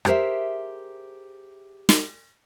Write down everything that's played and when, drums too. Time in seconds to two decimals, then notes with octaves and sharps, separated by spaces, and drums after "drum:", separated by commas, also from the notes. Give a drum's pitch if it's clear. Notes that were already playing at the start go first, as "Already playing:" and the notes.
0.05 G4 G#4 A#4 C5 E5, drum: rim click
1.89 drum: snare